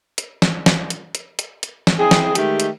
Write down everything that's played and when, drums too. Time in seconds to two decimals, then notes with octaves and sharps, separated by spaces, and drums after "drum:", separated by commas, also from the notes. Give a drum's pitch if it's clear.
0.18 drum: hi-hat
0.42 drum: snare
0.66 drum: snare
0.90 drum: hi-hat
1.15 drum: hi-hat
1.39 drum: hi-hat
1.63 drum: hi-hat
1.87 drum: snare
1.97 C4 E4 G#4
2.11 drum: snare
2.35 D#3 G#3 A3 G4 G5, drum: hi-hat
2.60 drum: hi-hat